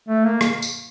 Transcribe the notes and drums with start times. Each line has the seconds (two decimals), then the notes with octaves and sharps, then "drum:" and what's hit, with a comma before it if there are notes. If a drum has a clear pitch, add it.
0.08 A3
0.25 A#3
0.41 drum: rim click
0.62 drum: tambourine